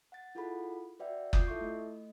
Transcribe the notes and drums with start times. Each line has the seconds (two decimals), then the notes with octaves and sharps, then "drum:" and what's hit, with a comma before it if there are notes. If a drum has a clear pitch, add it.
0.12 F#5 A6
0.35 E4 F4 G#4 A4 F#5 B5
1.00 F#4 B4 D5 E5 F#5 G5
1.33 F4 D6 D#6 G6 C7, drum: kick F#1
1.48 E4 A4 E5 C6 C#6
1.61 A3 D#5